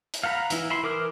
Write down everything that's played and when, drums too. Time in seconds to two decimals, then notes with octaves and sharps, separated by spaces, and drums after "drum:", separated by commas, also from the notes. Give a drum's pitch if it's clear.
0.14 drum: hi-hat
0.23 F5 F#5 A#5 B5
0.50 E3 E4, drum: hi-hat
0.70 E5 B5 C6
0.83 E3 A#4 D6 D#6 F6